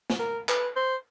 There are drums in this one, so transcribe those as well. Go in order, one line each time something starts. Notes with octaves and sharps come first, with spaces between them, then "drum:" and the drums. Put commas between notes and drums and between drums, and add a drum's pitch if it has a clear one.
drum: snare
A#4
B4, drum: clap
C5